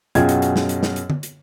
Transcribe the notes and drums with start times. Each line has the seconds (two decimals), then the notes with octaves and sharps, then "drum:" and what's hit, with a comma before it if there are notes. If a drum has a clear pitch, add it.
0.15 F#2 B2 F4 G#4 G5 G#6, drum: hi-hat
0.29 drum: hi-hat
0.42 drum: hi-hat
0.56 drum: snare
0.69 drum: hi-hat
0.83 drum: snare
0.96 drum: hi-hat
1.10 drum: tom D3
1.23 drum: hi-hat